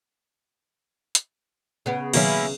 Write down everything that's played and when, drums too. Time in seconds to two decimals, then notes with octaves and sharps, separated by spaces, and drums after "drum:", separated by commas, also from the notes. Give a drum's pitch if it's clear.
1.15 drum: hi-hat
1.86 C#3 B3
2.13 B2 D#3 F#3 A#3 C#4 E4, drum: cymbal